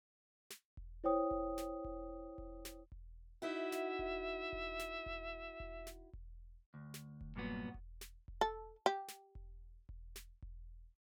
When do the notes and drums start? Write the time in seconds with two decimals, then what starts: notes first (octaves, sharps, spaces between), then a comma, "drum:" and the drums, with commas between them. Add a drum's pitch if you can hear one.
0.50 drum: snare
0.77 drum: kick E1
1.04 E4 C5 C#5 G5 D#6
1.31 drum: kick E1
1.58 drum: snare
1.84 drum: kick E1
2.38 drum: kick E1
2.65 drum: snare
2.92 drum: kick E1
3.42 D#4 E4 F#4 E5
3.72 drum: snare
3.99 drum: kick E1
4.53 drum: kick E1
4.79 drum: snare
5.06 drum: kick E1
5.60 drum: kick E1
5.87 drum: snare
6.13 drum: kick E1
6.74 D2
6.94 drum: snare
7.21 drum: kick E1
7.36 G2 A#2 F#3 B3
7.74 drum: kick E1
8.01 drum: snare
8.28 drum: kick E1
8.41 A4
8.86 G4
9.08 drum: snare
9.35 drum: kick E1
9.89 drum: kick E1
10.16 drum: snare
10.42 drum: kick E1